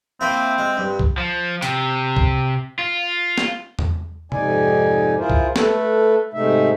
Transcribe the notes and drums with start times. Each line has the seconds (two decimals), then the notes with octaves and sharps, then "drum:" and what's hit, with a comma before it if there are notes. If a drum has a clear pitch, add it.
0.21 A#3 C4 E4
0.58 G#3
0.77 G2
0.99 drum: kick
1.18 F3
1.62 C3, drum: hi-hat
2.16 drum: kick
2.79 F4
3.38 drum: snare
3.79 drum: tom E2
4.32 F2 G#2 C3 D#4 D5 G#5, drum: tom C3
5.18 E4 F4 G#4 A#4 C5
5.30 drum: kick
5.56 A3 A4 B4, drum: snare
6.34 G#2 C3 G#3 A3 D#4 E5